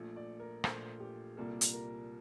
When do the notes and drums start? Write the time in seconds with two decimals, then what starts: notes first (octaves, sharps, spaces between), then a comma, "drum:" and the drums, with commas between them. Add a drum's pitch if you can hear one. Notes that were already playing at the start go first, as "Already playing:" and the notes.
Already playing: A#1 A#2 A3
0.16 D5
0.40 A#4
0.64 A#1 A#2 A3 C5, drum: rim click
1.00 G4
1.37 C2 A#2 G3 A#3 A4
1.61 drum: hi-hat
1.73 A#4